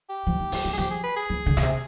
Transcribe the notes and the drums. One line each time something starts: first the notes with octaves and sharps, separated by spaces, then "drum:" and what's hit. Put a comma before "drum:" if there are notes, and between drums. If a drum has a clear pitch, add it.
G4
F3
D#3
F3, drum: open hi-hat
F3
G#4
F3 G4
G#4
B4
G#4
F3
D3
B2, drum: rim click
C3